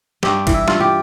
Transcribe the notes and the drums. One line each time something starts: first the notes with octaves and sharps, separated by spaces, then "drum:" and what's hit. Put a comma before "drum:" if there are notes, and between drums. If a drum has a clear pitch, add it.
G2 G4, drum: snare
E3, drum: kick, cymbal
E4
G2 F4, drum: snare
G4